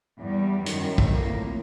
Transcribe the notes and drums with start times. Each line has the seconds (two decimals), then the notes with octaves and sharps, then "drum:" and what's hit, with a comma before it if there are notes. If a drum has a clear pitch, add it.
0.20 E2 G3
0.66 F#2 D#3, drum: hi-hat
0.98 drum: kick
1.07 F2 A2 A#3